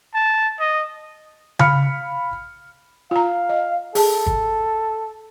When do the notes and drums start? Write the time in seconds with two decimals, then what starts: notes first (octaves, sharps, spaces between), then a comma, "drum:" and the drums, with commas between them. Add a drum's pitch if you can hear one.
0.14 A5
0.60 D#5
1.59 F5 B5 F6 C#7, drum: tom C#3
3.11 F4 F5 A#5
3.49 D#5
3.95 G#4 A4 A5, drum: open hi-hat
4.26 drum: kick G1